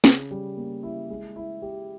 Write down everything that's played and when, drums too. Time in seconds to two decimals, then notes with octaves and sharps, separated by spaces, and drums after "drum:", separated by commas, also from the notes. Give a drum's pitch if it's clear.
0.04 C#3, drum: snare
0.31 G3
0.57 A#3
0.83 E4
1.10 G#3
1.36 E4
1.62 G4